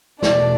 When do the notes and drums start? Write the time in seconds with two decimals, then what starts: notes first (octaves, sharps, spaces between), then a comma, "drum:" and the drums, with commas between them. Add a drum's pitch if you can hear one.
0.23 E2 B2 A3 D4 D5, drum: snare